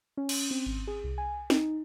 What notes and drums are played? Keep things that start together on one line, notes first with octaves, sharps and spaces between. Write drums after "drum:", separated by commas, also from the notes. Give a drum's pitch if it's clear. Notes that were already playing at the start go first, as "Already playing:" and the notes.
C#4
drum: cymbal
C4
G#1
G#4
C2
G#5
D#4, drum: snare